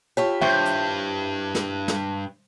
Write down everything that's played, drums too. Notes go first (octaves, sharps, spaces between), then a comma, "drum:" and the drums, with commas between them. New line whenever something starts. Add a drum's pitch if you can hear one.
E4 F4 G4 C#5 A5 C#6
G2 C5 E5 G5 C#6 G6, drum: tom
drum: hi-hat
drum: snare
drum: snare